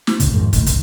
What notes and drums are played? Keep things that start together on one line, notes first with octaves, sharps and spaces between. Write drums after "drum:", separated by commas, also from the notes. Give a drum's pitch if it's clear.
drum: snare
G#1 D2 A#2 C#3, drum: hi-hat
F2 G#2 D#3
F#1 D#2 A2 D#3, drum: kick, hi-hat
G1 C2 D#3, drum: hi-hat